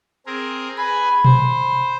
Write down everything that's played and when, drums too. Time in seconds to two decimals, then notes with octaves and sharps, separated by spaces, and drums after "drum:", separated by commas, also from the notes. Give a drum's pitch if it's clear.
0.26 C4 G#4 A#4
0.77 G#4 B4 G#5 B5
1.25 C5, drum: tom B2